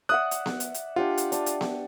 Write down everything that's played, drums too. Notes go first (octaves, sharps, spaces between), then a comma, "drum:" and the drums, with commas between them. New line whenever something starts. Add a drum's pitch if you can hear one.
D5 E5 F#5 D#6 F#6
drum: hi-hat
drum: snare B3
drum: hi-hat
drum: hi-hat
D4 F4 G4 F#5
drum: hi-hat
D4, drum: hi-hat
drum: hi-hat
drum: snare B3